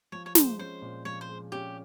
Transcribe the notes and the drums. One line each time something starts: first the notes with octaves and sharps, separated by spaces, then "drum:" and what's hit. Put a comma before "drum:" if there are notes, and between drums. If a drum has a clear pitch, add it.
F3 C#5
C#5
G#3 C5, drum: snare
C#4 C5
A#2
F3 C#5
C5
G#3
C#4 G4